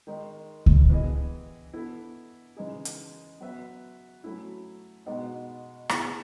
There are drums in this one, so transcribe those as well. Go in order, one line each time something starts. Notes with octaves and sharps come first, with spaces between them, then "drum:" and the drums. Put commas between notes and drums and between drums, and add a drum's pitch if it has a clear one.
D#3 G#3 D#4
drum: kick C#2
E3 B3 E4 G#4 D#5
B3 E4 A4
C#3 E3 G#3 D#4 G#4
drum: hi-hat
F#3 B3 F#4 B4 E5
F#3 A3 C#4 E4
B2 G#3 B3 D#4 F#4
B3 E4 G#4, drum: rim click